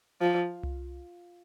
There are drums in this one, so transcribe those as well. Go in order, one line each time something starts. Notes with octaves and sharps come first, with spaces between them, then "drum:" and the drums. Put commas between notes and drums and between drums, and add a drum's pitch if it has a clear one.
F3
drum: tom C2